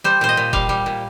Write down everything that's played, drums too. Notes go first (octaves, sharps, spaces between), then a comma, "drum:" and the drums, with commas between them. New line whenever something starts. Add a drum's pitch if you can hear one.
G3 C5
A#2 C5
D#5
A#2
G3 F5, drum: kick F1
G3
A#2